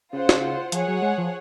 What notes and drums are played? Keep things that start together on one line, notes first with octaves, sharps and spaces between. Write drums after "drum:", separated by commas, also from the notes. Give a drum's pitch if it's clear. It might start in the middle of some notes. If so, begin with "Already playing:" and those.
C#3 F4 C5 F#5
drum: snare
F3 G#4 C#5 F#5, drum: hi-hat
F#3
G#3
F3